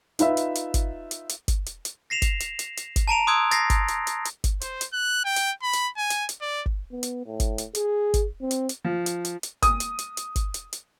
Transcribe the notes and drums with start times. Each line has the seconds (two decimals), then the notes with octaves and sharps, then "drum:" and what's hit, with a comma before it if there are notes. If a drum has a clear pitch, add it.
0.19 D#4 F4 B4 E5, drum: hi-hat
0.37 drum: hi-hat
0.55 drum: hi-hat
0.74 drum: kick G1, hi-hat
1.11 drum: hi-hat
1.29 drum: hi-hat
1.48 drum: kick G1, hi-hat
1.66 drum: hi-hat
1.85 drum: hi-hat
2.10 A#6 C7 E7 F7
2.22 drum: kick G1, hi-hat
2.40 drum: hi-hat
2.59 drum: hi-hat
2.77 drum: hi-hat
2.96 drum: kick G1, hi-hat
3.08 A5 A#5 D7 F7
3.27 C6 D#6 E6 F#6 G#6 D7
3.51 A6 A#6 C7, drum: hi-hat
3.70 drum: kick G1, hi-hat
3.88 drum: hi-hat
4.07 drum: hi-hat
4.25 drum: hi-hat
4.44 drum: kick G1, hi-hat
4.61 C5, drum: hi-hat
4.81 drum: hi-hat
4.93 F#6
5.25 G5
5.36 drum: hi-hat
5.62 B5
5.73 drum: hi-hat
5.97 G#5
6.10 drum: hi-hat
6.29 drum: hi-hat
6.41 D5
6.66 drum: kick G1
6.91 B3
7.03 drum: hi-hat
7.26 A2
7.40 drum: kick G1, hi-hat
7.58 drum: hi-hat
7.75 G#4, drum: hi-hat
8.14 drum: kick G1, hi-hat
8.41 C4
8.51 drum: hi-hat
8.69 drum: hi-hat
8.84 F3
9.06 drum: hi-hat
9.25 drum: hi-hat
9.43 drum: hi-hat
9.62 D#6, drum: kick G1, hi-hat
9.80 drum: hi-hat
9.99 drum: hi-hat
10.17 drum: hi-hat
10.36 drum: kick G1, hi-hat
10.54 drum: hi-hat
10.73 drum: hi-hat